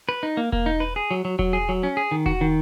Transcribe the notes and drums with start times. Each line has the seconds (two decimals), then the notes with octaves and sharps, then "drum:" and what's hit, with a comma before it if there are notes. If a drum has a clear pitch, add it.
0.09 B4
0.23 D#4
0.37 A#3
0.52 A#3, drum: kick E1
0.66 D#4
0.80 B4
0.96 G#4
1.11 F#3
1.25 F#3
1.39 F#3, drum: kick E1
1.53 G#4
1.69 F#3
1.83 C#4
1.97 G#4
2.11 D#3
2.26 F#4, drum: kick E1
2.41 D#3